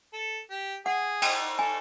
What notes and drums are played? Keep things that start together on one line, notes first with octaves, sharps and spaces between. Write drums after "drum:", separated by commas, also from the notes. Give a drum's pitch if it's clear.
A4
G4
G#4 F#5
G5, drum: cymbal
A4 G#5